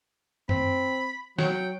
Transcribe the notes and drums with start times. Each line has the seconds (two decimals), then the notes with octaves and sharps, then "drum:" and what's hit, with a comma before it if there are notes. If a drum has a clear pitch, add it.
0.49 C4 B5, drum: tom
1.39 F#3 G5, drum: snare